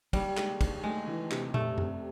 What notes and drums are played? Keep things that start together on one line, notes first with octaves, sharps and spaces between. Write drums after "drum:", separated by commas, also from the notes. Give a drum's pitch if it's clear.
D#2 G3, drum: kick, cymbal
G#3, drum: clap
D#2, drum: kick, cymbal
G#3 A3
E3
C3, drum: clap
F1 A3, drum: tom A#2
C3, drum: tom F#2